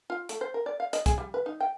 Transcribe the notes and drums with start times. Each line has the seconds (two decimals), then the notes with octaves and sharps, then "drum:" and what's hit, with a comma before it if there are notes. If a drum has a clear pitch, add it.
0.10 F4
0.29 A3, drum: hi-hat
0.41 C5
0.54 A#4
0.66 D5
0.80 F5
0.93 D#5, drum: hi-hat
1.06 G#4, drum: kick, hi-hat
1.18 G3
1.34 B4
1.46 D#4
1.60 G5